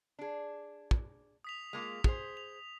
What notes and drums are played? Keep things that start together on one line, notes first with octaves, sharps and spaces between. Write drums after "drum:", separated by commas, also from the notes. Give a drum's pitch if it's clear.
D4 G#4
drum: kick
D#6 B6 F7
G#3 A#3 F4
G#4 C5, drum: kick
F7